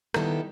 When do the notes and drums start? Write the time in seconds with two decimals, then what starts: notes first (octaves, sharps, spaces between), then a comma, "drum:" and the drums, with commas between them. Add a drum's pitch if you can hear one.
0.14 D#3 G3 B3 E4 A4, drum: rim click